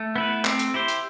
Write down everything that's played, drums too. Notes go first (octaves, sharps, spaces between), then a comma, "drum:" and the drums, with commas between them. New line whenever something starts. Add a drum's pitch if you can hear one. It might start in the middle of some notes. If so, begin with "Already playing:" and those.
Already playing: A3
B3 E4 B4
C4, drum: clap
drum: hi-hat
E4 G4 C5
drum: hi-hat